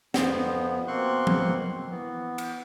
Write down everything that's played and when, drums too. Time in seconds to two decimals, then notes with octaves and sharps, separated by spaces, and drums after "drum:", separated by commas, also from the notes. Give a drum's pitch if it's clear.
0.14 F2 F3 B3, drum: snare
0.88 B2 A#3 C4 C6 C#6 F#6
1.27 drum: tom F3
1.91 E3 B3
2.38 drum: cymbal